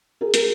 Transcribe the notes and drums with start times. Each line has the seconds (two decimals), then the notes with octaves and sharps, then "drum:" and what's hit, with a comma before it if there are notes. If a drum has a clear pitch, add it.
0.21 G#4 A#4
0.34 G#4 A#4, drum: hi-hat